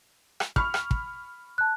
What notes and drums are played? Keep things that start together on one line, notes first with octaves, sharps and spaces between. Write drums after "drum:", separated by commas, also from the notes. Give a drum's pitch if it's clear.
drum: rim click
B5 C#6 F6, drum: kick
drum: rim click
drum: kick
A5 F#6